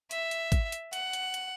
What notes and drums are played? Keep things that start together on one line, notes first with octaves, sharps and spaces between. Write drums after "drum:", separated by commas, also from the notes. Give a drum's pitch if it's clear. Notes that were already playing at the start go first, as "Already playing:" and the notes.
E5, drum: hi-hat
drum: hi-hat
drum: kick, hi-hat
drum: hi-hat
F#5, drum: hi-hat
drum: hi-hat
drum: hi-hat